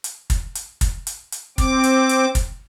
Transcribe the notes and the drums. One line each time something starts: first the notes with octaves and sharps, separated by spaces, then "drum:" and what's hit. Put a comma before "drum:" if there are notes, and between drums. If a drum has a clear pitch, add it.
drum: hi-hat
drum: kick, hi-hat
drum: hi-hat
drum: kick, hi-hat
drum: hi-hat
drum: hi-hat
C4 D6, drum: kick, hi-hat
drum: hi-hat
drum: hi-hat
drum: kick, hi-hat